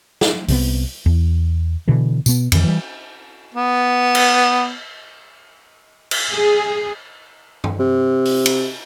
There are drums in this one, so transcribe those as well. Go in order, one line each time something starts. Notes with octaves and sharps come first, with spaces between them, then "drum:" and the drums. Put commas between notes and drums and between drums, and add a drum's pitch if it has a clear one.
drum: snare
C2 C3 G3 B3, drum: open hi-hat
E2
B2 D3 E3
B2 B3, drum: tambourine
F2 D#3, drum: cymbal
E3 G3
B3
drum: cymbal
drum: cymbal
G#4
drum: tom G2
C3
drum: open hi-hat
drum: cymbal